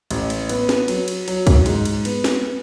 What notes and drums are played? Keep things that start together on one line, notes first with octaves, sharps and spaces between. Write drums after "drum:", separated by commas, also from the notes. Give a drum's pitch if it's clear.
A1, drum: cymbal
drum: cymbal
B3, drum: cymbal
drum: snare
F#3, drum: cymbal
drum: cymbal
F#3, drum: cymbal
drum: kick, cymbal
G#2, drum: cymbal
drum: cymbal
B3, drum: cymbal
drum: snare